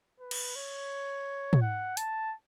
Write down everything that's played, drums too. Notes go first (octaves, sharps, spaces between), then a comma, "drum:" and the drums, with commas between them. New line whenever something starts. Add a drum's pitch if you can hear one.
B4
drum: cymbal
C#5
drum: tom
F#5
A5, drum: hi-hat